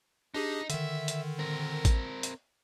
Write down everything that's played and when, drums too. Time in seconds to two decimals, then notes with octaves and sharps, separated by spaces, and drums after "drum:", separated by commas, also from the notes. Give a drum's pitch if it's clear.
0.34 D4 D#4 G4 G#4
0.70 D3 D#3 E5, drum: hi-hat
1.08 drum: hi-hat
1.39 C4 A#4
1.85 drum: kick A1, hi-hat
2.23 drum: hi-hat